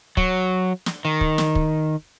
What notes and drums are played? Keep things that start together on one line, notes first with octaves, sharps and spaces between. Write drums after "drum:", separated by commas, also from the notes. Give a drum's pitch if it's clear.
F#3, drum: kick
drum: snare
D#3
drum: kick
drum: snare
drum: kick